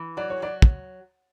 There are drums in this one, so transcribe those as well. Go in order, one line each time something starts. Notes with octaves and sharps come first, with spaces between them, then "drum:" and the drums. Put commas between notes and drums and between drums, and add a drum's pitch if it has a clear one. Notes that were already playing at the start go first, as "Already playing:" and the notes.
Already playing: E3
F#3 D5
C#5
F#3 D5
drum: kick